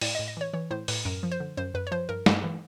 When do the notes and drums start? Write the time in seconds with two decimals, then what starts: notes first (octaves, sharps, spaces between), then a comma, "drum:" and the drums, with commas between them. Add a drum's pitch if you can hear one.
0.01 A2 D5, drum: open hi-hat
0.15 D#5
0.19 A2
0.28 D#5
0.37 E3 C#5
0.53 E3 C#5
0.70 A2 C5
0.88 A2 B4, drum: open hi-hat
1.05 F#2 A#4
1.23 F3
1.32 C5
1.40 D3
1.57 F#2 C5
1.74 F#2 B4
1.87 C#5
1.91 F3 C5
2.09 G2 A#4
2.26 G2, drum: snare
2.43 E3